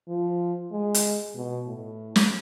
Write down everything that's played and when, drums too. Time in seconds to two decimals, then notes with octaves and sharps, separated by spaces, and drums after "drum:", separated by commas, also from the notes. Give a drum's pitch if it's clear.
0.08 F3
0.72 G#3
0.94 drum: hi-hat
1.35 B2
1.67 A2
2.16 drum: snare